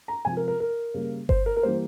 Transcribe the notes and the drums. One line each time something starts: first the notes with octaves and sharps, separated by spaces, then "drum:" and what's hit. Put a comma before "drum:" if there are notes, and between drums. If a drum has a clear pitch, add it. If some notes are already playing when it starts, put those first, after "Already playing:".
A#5
C3 F3 G#3 G#5
A#4
A#4
A#4
C#3 G3 A#3
C5, drum: kick G1
A#4
A#4
E3 G3 A#3 C5